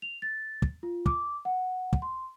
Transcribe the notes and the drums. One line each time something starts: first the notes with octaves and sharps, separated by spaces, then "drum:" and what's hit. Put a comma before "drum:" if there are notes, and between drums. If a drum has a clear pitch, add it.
F7
A6
drum: kick
F4
D6, drum: kick
F#5
drum: kick
C6